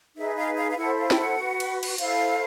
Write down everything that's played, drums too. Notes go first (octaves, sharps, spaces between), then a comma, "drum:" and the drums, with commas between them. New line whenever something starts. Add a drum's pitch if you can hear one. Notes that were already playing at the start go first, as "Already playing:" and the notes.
D#4 G#4 B4 E5
F5
F5
F5
E4 A4 C5 F#5
F5
G5, drum: snare
F#5
F#4 B4
drum: cymbal
drum: cymbal
E4 A4 C5 F5, drum: hi-hat